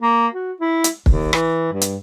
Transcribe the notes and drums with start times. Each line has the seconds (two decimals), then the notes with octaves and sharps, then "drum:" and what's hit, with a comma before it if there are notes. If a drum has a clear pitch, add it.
0.01 A#3
0.33 F#4
0.60 E4
0.84 drum: hi-hat
1.06 D#2, drum: kick
1.33 E3, drum: rim click
1.72 G2
1.81 drum: hi-hat